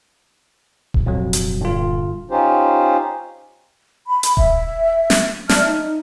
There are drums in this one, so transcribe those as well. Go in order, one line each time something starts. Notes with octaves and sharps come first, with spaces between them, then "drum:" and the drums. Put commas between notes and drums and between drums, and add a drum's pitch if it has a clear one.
D#1, drum: kick D#1
F2 C3 F#3
drum: hi-hat
G2 D3 F4
C#4 D#4 F4 G4 C5
B5
drum: hi-hat
E5, drum: kick D#1
drum: snare
D5 E5 A5 F6, drum: snare
D#4